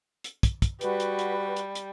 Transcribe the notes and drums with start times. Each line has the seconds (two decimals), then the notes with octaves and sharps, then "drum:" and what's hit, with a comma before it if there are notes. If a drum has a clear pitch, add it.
0.24 drum: hi-hat
0.43 drum: kick, hi-hat
0.62 drum: kick, hi-hat
0.81 G3 F#4 B4, drum: hi-hat
1.00 drum: hi-hat
1.19 drum: hi-hat
1.57 drum: hi-hat
1.75 drum: hi-hat